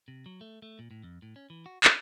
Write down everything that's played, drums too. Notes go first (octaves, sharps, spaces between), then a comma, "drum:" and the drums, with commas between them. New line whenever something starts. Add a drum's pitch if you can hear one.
C3
F#3
A3
A3
A#2
A2
F2
A2
C#4
E3
F#4
C#4, drum: clap